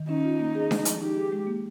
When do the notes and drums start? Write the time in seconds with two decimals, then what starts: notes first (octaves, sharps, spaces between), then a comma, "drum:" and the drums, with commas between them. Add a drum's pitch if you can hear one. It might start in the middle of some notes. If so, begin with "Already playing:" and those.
Already playing: D#3
0.09 C#4 D#4
0.24 F4
0.39 A#3
0.55 G#4
0.71 G#3, drum: snare D4
0.85 F3, drum: hi-hat
1.01 D#4 G4
1.16 G#4
1.32 G#3
1.47 A#3